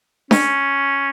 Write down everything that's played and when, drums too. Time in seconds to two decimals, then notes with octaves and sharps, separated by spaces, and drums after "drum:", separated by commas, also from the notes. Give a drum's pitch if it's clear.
0.31 C#4, drum: snare D4